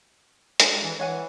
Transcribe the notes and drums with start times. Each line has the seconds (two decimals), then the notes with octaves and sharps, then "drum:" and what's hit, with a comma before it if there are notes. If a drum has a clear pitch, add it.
0.60 G#3 D4 A4, drum: hi-hat
0.83 E3
0.99 E3 C#5 F#5 G#5